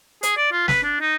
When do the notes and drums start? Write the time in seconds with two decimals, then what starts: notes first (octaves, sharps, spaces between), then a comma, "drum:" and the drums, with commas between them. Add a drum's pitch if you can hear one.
0.23 G#4, drum: hi-hat
0.37 D5
0.52 F4
0.68 B4, drum: snare
0.83 D4
1.00 D#4